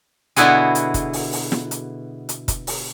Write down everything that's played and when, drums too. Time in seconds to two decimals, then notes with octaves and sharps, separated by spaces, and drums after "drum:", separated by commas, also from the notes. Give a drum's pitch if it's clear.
0.36 B2 D3 B3 E4 F#4 G#4, drum: hi-hat
0.75 drum: hi-hat
0.94 drum: kick, hi-hat
1.13 drum: open hi-hat
1.33 drum: open hi-hat
1.52 drum: snare
1.71 drum: hi-hat
2.29 drum: hi-hat
2.48 drum: kick, hi-hat
2.67 drum: open hi-hat